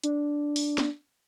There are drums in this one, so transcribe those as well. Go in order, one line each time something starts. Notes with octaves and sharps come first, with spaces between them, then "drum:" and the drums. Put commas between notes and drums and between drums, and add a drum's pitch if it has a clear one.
D4, drum: hi-hat
drum: open hi-hat
drum: snare